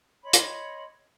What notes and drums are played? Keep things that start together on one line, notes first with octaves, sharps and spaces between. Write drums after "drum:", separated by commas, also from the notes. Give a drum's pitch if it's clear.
C#5 D#5 B5 C6
drum: hi-hat